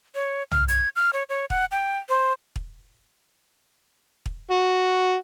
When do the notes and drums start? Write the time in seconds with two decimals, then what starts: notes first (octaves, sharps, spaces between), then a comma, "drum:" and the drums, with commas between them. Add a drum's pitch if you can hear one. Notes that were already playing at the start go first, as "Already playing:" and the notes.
0.15 C#5
0.51 F6, drum: tom
0.68 G#6, drum: hi-hat
0.96 F6
1.13 C#5
1.29 C#5
1.50 F#5, drum: kick
1.71 G5
2.09 C5
2.56 drum: kick
4.26 drum: kick
4.51 F#4